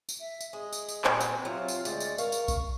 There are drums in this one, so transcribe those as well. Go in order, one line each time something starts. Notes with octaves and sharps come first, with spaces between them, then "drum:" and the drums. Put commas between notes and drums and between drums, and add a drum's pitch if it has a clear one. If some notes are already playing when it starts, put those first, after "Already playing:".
drum: tambourine
E5
drum: tambourine
G#3 D#6
drum: tambourine
drum: tambourine
A#2 C4 F#4 G#5, drum: clap
drum: tambourine
C3 F#3 F4
drum: tambourine
D2 G#3 D5, drum: tambourine
drum: tambourine
A#4 F5 C#6, drum: tambourine
drum: tambourine
drum: kick B1, tambourine